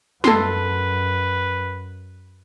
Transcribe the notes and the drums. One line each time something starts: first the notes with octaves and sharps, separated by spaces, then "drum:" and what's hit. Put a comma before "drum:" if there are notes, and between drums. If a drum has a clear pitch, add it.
F#2 A4 B4 C6, drum: snare